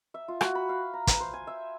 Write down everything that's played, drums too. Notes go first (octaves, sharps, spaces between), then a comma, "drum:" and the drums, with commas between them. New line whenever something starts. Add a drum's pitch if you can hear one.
E5
F4
F#4, drum: rim click
B5
F5
A#5
B4, drum: kick, hi-hat
C5
G#5
E5